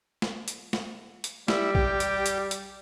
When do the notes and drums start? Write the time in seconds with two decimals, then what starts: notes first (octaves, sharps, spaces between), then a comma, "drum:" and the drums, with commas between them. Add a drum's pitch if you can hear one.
0.22 drum: snare
0.48 drum: hi-hat
0.73 drum: snare
1.24 drum: hi-hat
1.48 G3 E4, drum: snare
1.75 G4, drum: kick
2.00 drum: hi-hat
2.26 drum: hi-hat
2.51 drum: hi-hat